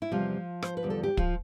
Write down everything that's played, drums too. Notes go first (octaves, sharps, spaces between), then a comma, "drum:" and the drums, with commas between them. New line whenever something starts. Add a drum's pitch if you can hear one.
E4
E2 C3 F3 G3 F4
C5, drum: rim click
B4
E2 D3 G3
A4
G4
F3 F4, drum: kick